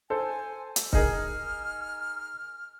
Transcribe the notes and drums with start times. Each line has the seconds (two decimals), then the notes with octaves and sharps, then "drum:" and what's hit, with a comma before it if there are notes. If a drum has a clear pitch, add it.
0.10 A4 C5 G#5
0.76 drum: hi-hat
0.93 D#4 G#4 A#4 F6, drum: kick C#1